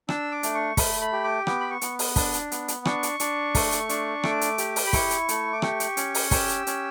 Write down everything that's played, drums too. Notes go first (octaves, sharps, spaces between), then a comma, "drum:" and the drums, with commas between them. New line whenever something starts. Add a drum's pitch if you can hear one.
D4 E6, drum: rim click
D6
A3, drum: hi-hat
C#6
A3 B5, drum: kick, open hi-hat
B5
G4
D6
B3 D6, drum: rim click
B5
C#6
B3, drum: hi-hat
drum: open hi-hat
D4, drum: kick, open hi-hat
drum: hi-hat
B3, drum: hi-hat
drum: hi-hat
D4 C#6, drum: rim click
drum: hi-hat
D4, drum: hi-hat
A3, drum: kick, open hi-hat
drum: hi-hat
D4, drum: hi-hat
A3 D6, drum: rim click
drum: hi-hat
G4, drum: hi-hat
drum: open hi-hat
B5
E4 C#6, drum: kick, open hi-hat
drum: hi-hat
A3, drum: hi-hat
D6
G4 C#6, drum: rim click
drum: hi-hat
C#4, drum: hi-hat
drum: open hi-hat
G4 E6, drum: kick, open hi-hat
drum: hi-hat
C#4, drum: hi-hat